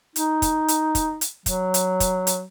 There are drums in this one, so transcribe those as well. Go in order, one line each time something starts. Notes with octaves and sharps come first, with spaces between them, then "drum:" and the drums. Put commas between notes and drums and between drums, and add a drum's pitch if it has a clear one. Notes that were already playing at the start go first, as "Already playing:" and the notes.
D#4, drum: hi-hat
drum: kick, hi-hat
drum: hi-hat
drum: kick, hi-hat
drum: hi-hat
F#3, drum: kick, hi-hat
drum: hi-hat
drum: kick, hi-hat
drum: hi-hat